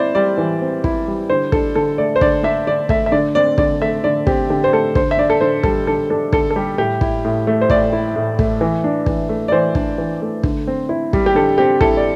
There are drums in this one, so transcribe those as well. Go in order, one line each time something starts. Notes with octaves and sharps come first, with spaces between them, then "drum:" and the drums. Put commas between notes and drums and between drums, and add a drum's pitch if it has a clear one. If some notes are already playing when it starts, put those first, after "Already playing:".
Already playing: C4 E4 C5 D5
G3 D5
E3
C4
E4, drum: kick
G3
D3 C5
D4 A4, drum: kick
D3 A4
A3 D5
C5
D3 D5, drum: kick
D4 E5
D3 D5
A3 E5, drum: kick
E5
D3 D5
C4 D5
D3 D5, drum: kick
A3 E5
D3 D5
C4 G4, drum: kick
D3 G4
C5
A3 A4
D3 C5, drum: kick
E5
D4 D5
A4
D3 C5
G3 A4, drum: kick
D3 A4
D4 A4
D3 A4, drum: kick
A4
G3 G4
A2 G4
E4, drum: kick
A2
A3
C5
A2 D5, drum: kick
E4
A2
A3, drum: kick
E3
D4
E3, drum: kick
A3
D5
E3 C5
D4, drum: kick
E3
A3
D3, drum: kick
C4
E4
G3, drum: kick
G4
D3 A4
C4 G4
E4 A4, drum: kick
D5